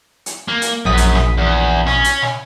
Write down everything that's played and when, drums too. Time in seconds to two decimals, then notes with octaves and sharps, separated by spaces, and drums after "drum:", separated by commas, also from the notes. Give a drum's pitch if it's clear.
0.26 drum: hi-hat
0.48 A#3
0.62 drum: hi-hat
0.85 A#1 F#2 D#6 B6
0.97 drum: hi-hat
1.15 drum: snare
1.38 E2
1.87 C#4, drum: snare
2.04 drum: hi-hat
2.22 drum: snare